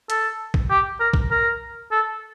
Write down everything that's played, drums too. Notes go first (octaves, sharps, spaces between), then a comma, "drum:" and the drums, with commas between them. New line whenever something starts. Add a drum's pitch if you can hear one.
A4, drum: hi-hat
drum: kick A#1
G4
A#4
drum: kick A#1
A#4
A4